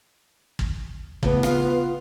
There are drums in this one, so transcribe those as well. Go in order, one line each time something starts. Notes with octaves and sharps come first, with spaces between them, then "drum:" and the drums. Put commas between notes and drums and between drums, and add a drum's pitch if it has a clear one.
drum: kick
A2 C#3 E3 B3, drum: kick
F4 F5, drum: rim click